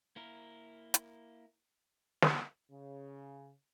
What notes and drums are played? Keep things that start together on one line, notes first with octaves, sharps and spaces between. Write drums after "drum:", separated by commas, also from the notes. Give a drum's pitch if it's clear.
A#3 E4 A#4
drum: hi-hat
drum: snare
C#3